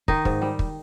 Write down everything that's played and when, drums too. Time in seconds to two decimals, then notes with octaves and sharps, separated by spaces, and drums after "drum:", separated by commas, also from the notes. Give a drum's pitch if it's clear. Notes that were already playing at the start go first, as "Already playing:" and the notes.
0.08 D#3 D#4, drum: kick
0.25 G#2, drum: kick
0.42 G3
0.59 drum: kick